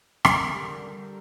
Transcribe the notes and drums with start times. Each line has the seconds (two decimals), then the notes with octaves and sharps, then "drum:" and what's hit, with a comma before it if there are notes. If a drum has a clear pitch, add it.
0.25 D3 A4, drum: rim click
0.40 A#4
0.47 G3
0.55 G4
0.70 D3
0.92 G3